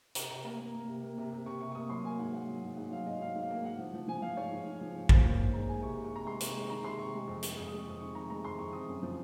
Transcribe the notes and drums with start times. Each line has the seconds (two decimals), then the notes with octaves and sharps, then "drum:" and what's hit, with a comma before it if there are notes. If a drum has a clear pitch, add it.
0.15 C3 A#5, drum: hi-hat
0.30 C3 A#5
0.44 A#3 A#5
0.60 A#3
0.74 A#3
0.88 C3
1.03 A#3
1.18 C3
1.32 C3
1.46 C3 C#6
1.61 C3 C#6
1.72 C#6
1.75 A#3 D#6
1.89 F#3 C6
2.04 A#3 G#5
2.19 G#2 F#5
2.33 A#3 F#5
2.48 F#3
2.63 G#2
2.77 G#2 F#5
2.92 F#3 F5
3.06 G#2 D#5
3.21 G#2 F5
3.35 G#2
3.42 F5
3.51 A#3
3.65 G#2 F#5
3.78 F3
3.94 F3
4.08 F3 G#5
4.22 F3 F5
4.37 G#2 C#5
4.51 G#2
4.66 G#2
4.81 F3
4.95 G#2 C5
5.09 A#3 C5, drum: kick A1
5.24 A#3 C5
5.39 D#3 C5
5.53 G#3 A#5
5.68 G#3 G#5
5.82 C3 C#6
5.97 C3
6.04 C#6
6.11 C3 A#5
6.26 G#3 C6
6.40 C3 C#6, drum: hi-hat
6.55 G#3
6.70 D#3 A#5
6.84 C3 C6
6.99 C3 C#6
7.14 G#3
7.27 F2
7.43 G#3, drum: hi-hat
7.57 F2 D#6
7.68 G#3 D#6
7.79 C#6
7.87 F2 D#6
8.00 D#3 C#6
8.15 D#3 A#5
8.30 G#3 A#5
8.44 F2 C6
8.59 F2 C#6
8.73 F2 D#6
8.88 F#2
9.03 F3